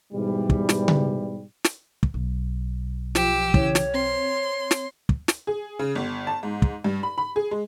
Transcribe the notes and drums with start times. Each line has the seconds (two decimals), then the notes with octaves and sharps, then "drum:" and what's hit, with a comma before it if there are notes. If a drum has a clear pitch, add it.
0.13 G#2 B2 E3 G3
0.50 drum: kick
0.69 drum: snare
0.88 drum: tom C#3
1.64 drum: snare
2.03 drum: kick
2.14 B1
3.15 F3 G4 E6, drum: snare
3.54 C#3 E3 C#5, drum: kick
3.75 drum: snare
3.94 C4 C6
4.71 drum: snare
5.09 drum: kick
5.28 drum: snare
5.47 G#4
5.79 C#3
5.95 G1
6.27 A5
6.43 G#2
6.62 drum: kick
6.84 G2
7.03 B5
7.18 B5
7.36 G#4
7.51 G#3